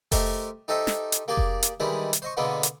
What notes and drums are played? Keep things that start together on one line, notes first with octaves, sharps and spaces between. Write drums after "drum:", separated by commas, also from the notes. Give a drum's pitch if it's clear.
A3 G4 A#4 C5 D#5, drum: kick F1, open hi-hat
D#4 G4 A4 C5 D#5 E5
drum: snare
drum: hi-hat
A#3 G4 G#4 D5
drum: kick F1
drum: hi-hat
D#3 E3 G3 G#3 D4 E4
drum: hi-hat
C5 D#5 C#6
B2 D3 G#3 A#3 B3 D4
drum: hi-hat